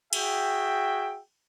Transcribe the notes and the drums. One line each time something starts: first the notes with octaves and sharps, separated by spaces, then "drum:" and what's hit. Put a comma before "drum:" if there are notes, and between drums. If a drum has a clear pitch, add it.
F#4 G#4 E5 G5, drum: cymbal